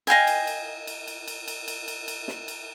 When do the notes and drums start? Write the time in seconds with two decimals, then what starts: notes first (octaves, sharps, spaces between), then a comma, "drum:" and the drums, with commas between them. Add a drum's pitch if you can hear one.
0.07 D#5 F5 G5 G#5, drum: cymbal
0.27 drum: cymbal
0.47 drum: cymbal
0.87 drum: cymbal
1.07 drum: cymbal
1.28 drum: cymbal
1.48 drum: cymbal
1.68 drum: cymbal
1.88 drum: cymbal
2.08 drum: cymbal
2.28 drum: snare
2.48 drum: cymbal